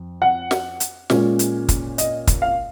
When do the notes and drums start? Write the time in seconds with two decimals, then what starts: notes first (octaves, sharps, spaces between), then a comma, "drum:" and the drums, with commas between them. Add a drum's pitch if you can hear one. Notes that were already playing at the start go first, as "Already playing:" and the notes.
Already playing: F2
0.22 F#5
0.51 drum: snare
0.80 drum: hi-hat
1.10 A#2 G#3 C#4, drum: snare
1.39 drum: hi-hat
1.69 drum: kick, hi-hat
1.98 D#5, drum: hi-hat
2.27 drum: kick, hi-hat
2.42 F5